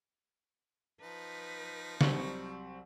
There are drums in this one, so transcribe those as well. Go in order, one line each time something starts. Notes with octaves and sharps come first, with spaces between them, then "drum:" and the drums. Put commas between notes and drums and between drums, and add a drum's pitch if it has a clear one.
F3 D#4 B4
C2 F#3 G3 C4 C#6 C#7, drum: snare